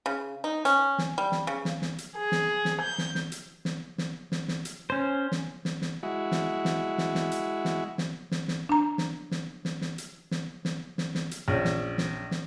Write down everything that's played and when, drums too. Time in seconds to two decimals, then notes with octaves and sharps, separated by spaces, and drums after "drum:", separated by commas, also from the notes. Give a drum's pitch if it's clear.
0.06 C#3
0.44 D#4
0.65 C#4, drum: hi-hat
0.98 drum: snare
1.18 G3
1.32 drum: snare
1.47 C#3
1.65 drum: snare
1.82 drum: snare
1.98 drum: hi-hat
2.16 G#4
2.32 drum: snare
2.65 drum: snare
2.82 G6
2.98 drum: snare
3.15 drum: snare
3.32 drum: hi-hat
3.65 drum: snare
3.98 drum: snare
4.32 drum: snare
4.48 drum: snare
4.65 drum: hi-hat
4.90 C#4 C5
5.32 drum: snare
5.65 drum: snare
5.82 drum: snare
6.03 G#3 E4 F#4
6.32 drum: snare
6.65 drum: snare
6.98 drum: snare
7.15 drum: snare
7.32 drum: hi-hat
7.65 drum: snare
7.98 drum: snare
8.31 drum: snare
8.48 drum: snare
8.69 D4 A#5
8.98 drum: snare
9.31 drum: snare
9.65 drum: snare
9.81 drum: snare
9.98 drum: hi-hat
10.31 drum: snare
10.65 drum: snare
10.98 drum: snare
11.15 drum: snare
11.31 drum: hi-hat
11.48 A#1 C#4
11.65 drum: snare
11.98 drum: snare
12.31 drum: snare